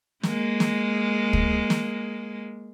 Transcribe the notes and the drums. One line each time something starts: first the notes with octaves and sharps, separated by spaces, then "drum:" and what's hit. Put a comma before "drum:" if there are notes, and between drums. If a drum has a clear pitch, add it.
G#3 A#3, drum: snare
drum: snare
drum: kick
drum: snare